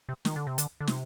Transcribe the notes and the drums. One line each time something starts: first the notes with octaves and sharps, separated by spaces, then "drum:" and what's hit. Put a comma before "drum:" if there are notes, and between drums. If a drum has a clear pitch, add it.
C3
D#3, drum: snare
D3
C3
D3, drum: hi-hat
D3
C3, drum: snare